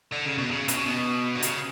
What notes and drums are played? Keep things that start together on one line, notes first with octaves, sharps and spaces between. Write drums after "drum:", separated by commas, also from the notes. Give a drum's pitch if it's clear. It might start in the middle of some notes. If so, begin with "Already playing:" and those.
D3
C#3
B2
C#3
B2, drum: hi-hat
C#3
B2
D3
C#3, drum: hi-hat